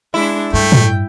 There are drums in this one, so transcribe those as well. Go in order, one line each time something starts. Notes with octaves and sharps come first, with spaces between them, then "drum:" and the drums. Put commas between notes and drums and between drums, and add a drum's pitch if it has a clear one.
G#3 D4 E4
G2 A3 G5
drum: tom A2